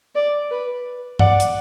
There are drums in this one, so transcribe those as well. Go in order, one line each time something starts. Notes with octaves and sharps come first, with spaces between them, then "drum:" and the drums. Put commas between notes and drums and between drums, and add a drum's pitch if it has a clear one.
D5
B4
D5 F#5, drum: tom G2
drum: hi-hat